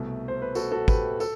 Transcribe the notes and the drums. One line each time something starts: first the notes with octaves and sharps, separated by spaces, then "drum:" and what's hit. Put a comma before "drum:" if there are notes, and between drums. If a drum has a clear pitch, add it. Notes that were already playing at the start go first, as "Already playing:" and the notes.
Already playing: C2 B2 A3
C5
B4
F#4 A4, drum: tambourine
F#4 A4
G4 B4, drum: kick, tambourine
A4, drum: tambourine